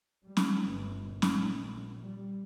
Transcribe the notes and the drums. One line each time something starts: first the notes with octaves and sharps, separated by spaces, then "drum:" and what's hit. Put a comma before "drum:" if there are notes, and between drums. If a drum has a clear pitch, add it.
G3
drum: snare
G1
A#1
drum: snare
A#1
G3